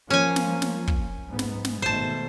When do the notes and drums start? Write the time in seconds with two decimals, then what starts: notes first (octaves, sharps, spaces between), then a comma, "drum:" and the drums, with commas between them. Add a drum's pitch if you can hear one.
0.10 F3 A#3 C#4 G#5
0.36 drum: snare
0.62 drum: snare
0.87 drum: kick
1.29 G#2 B3
1.39 drum: snare
1.65 drum: snare
1.82 G#1 B2 A3 C5 A5